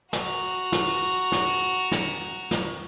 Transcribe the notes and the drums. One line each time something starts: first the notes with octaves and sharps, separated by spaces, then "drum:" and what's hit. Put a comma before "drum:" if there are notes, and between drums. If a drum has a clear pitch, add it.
F#4 A#5, drum: snare
drum: hi-hat
drum: snare
drum: hi-hat
drum: snare
drum: hi-hat
drum: snare
drum: hi-hat
drum: snare